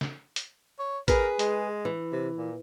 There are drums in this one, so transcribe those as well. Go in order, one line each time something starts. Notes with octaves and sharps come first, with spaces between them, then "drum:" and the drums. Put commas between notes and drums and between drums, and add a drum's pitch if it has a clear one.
drum: snare
drum: hi-hat
C#5
G#4 A#4 B4, drum: kick A1, hi-hat
G#3, drum: hi-hat
E3
C3
A#2